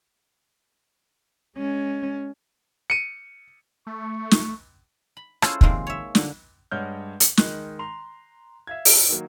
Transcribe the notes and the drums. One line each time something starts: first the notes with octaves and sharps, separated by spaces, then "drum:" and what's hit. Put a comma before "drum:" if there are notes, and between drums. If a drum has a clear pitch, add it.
G#3 C#4
C#7 D#7
A3 C#6
drum: snare
B5
C#4 E4 F4 G#4 A4 C5, drum: rim click
C3 D#3 F3 G#3 A#3 C4, drum: kick
C#5 E5
D3 D5, drum: snare
G2 G#3 C#5 F#5 F6 G6
drum: hi-hat
D#3 G#3 F#6, drum: snare
A#5 C6 F7
E5 F5 G#6
drum: open hi-hat
D#3 F#3 A#3